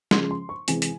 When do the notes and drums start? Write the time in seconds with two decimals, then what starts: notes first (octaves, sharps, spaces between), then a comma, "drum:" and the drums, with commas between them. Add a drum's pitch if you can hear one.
0.11 C#3 F3 G#3 C6, drum: snare
0.31 C6
0.49 C#6
0.68 C3 E3 G#3 G#5, drum: hi-hat
0.82 drum: hi-hat